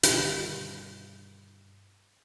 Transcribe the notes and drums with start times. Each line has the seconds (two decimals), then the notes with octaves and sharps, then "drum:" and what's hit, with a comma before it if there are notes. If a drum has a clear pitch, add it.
0.03 G2 B2 D3 D#3, drum: hi-hat